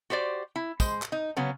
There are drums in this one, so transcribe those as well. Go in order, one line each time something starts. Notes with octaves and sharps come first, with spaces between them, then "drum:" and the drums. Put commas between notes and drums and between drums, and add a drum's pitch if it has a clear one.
F#4 G4 C5 D5
E4
G#3 C5, drum: kick, tambourine
drum: clap
D#4
C#3 F#3 B3 C#4